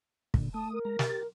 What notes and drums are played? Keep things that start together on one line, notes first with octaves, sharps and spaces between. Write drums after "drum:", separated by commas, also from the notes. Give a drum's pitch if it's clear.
A#2 D3, drum: kick
A3 A5 D#6
A#4
G#3 A#5
G4 A6, drum: snare